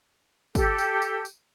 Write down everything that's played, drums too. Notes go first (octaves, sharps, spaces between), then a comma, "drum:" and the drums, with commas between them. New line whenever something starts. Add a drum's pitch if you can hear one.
G4 A4, drum: kick, tambourine
drum: tambourine
drum: tambourine
drum: tambourine